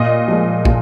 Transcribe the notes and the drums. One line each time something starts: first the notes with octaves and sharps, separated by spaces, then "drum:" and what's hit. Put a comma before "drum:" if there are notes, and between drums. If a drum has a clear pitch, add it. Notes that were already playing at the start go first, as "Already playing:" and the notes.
Already playing: A#2 D#5
F3 G#3
A#2, drum: kick